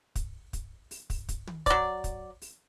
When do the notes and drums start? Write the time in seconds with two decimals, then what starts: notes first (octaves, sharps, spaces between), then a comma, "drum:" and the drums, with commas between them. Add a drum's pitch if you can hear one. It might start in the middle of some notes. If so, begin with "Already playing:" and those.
0.16 drum: kick, hi-hat
0.53 drum: kick, hi-hat
0.91 drum: open hi-hat
1.10 drum: kick, open hi-hat
1.29 drum: kick, hi-hat
1.47 drum: tom
1.66 F#3 D5, drum: kick, hi-hat
2.04 drum: kick, hi-hat
2.42 drum: open hi-hat